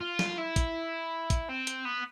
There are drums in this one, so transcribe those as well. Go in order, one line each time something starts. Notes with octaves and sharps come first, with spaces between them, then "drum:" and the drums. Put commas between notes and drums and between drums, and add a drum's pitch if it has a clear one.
F4
drum: snare
E4
drum: kick, hi-hat
drum: kick, hi-hat
C4
drum: hi-hat
B3